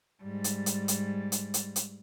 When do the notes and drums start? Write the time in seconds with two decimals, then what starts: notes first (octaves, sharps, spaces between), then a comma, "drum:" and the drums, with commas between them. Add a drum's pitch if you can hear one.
0.22 G#2 G3
0.44 drum: hi-hat
0.66 drum: hi-hat
0.88 drum: hi-hat
1.32 drum: hi-hat
1.54 drum: hi-hat
1.76 drum: hi-hat